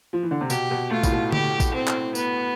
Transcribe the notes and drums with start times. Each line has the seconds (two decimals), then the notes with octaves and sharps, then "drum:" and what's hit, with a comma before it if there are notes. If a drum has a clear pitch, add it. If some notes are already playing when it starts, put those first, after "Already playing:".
0.13 F3
0.23 E3
0.31 D3
0.41 C3
0.50 B2 G4, drum: tambourine
0.71 B2
0.91 A3 F4
1.04 A2, drum: kick A#1, tambourine
1.12 B2
1.32 G4, drum: tom D3
1.60 drum: kick A#1, tambourine
1.74 C4
1.88 drum: clap
2.15 B3, drum: tambourine